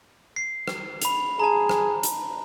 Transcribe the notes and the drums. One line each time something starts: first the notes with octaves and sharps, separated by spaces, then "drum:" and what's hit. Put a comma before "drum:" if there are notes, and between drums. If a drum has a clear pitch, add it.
C7
drum: rim click
B5 F7, drum: hi-hat
G#4 A5 A#5
drum: rim click
drum: hi-hat